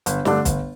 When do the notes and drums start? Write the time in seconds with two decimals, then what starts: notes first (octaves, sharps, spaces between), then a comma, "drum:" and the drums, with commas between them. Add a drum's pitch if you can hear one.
0.06 G1, drum: hi-hat
0.25 G2 D3 A3 D4, drum: snare
0.45 G1, drum: kick, hi-hat